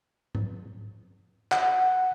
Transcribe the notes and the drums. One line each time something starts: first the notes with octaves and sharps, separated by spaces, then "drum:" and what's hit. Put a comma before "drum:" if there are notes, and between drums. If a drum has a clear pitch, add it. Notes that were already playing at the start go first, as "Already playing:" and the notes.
drum: tom G#2
F#5, drum: clap